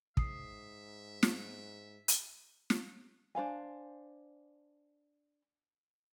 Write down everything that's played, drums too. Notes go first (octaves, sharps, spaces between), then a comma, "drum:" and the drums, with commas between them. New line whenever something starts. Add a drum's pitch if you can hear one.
G#2 E5 D#6 C7, drum: kick
drum: snare
drum: hi-hat
drum: snare
D4 C5 F5 G#5